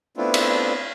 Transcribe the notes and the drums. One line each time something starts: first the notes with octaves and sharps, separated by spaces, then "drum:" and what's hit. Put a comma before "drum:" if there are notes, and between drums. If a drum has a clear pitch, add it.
A3 B3 C4 D4 E4 F4
drum: cymbal